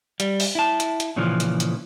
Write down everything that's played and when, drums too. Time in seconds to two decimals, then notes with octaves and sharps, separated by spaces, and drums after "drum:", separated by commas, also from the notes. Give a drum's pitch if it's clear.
0.20 G3, drum: hi-hat
0.40 drum: open hi-hat
0.55 E4 A5
0.80 drum: hi-hat
1.00 drum: hi-hat
1.16 A#2 C#3 E3 F3
1.40 drum: hi-hat
1.60 drum: hi-hat